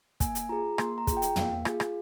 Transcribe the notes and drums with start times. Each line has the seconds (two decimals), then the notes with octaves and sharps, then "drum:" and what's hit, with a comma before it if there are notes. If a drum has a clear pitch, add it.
0.20 A#3 G#5, drum: kick, hi-hat
0.35 drum: hi-hat
0.49 F4 G#4 A#5
0.78 A#3 C6, drum: rim click
0.98 A#5
1.07 G#4, drum: kick, hi-hat
1.12 F4 G5
1.22 drum: hi-hat
1.36 A#3 F5, drum: tom
1.65 F4 G#4, drum: rim click
1.80 drum: rim click